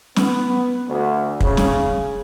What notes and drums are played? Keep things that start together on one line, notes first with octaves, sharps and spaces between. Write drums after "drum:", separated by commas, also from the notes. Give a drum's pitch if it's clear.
B3, drum: snare
D2
C#3, drum: kick
drum: snare